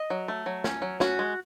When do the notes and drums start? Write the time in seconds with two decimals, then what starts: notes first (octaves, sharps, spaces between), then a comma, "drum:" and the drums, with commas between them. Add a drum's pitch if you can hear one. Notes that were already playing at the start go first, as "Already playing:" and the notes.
Already playing: D#5
0.10 F#3
0.28 A3
0.46 F#3
0.64 C#4, drum: snare
0.82 F#3
1.00 C#4 F#4, drum: snare
1.19 G#3